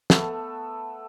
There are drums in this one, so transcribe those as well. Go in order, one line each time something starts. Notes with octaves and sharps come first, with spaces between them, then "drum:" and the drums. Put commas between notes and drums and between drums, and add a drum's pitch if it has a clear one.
A3 B3 A4, drum: snare